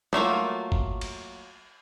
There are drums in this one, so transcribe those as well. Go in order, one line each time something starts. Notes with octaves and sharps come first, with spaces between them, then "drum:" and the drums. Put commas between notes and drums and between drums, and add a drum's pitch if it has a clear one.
F#3 A3 A#3 F4, drum: tom G3
drum: kick
drum: cymbal